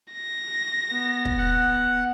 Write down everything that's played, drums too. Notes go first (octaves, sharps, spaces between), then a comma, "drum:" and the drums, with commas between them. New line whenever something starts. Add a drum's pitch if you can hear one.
A#6
B3
drum: kick
F#5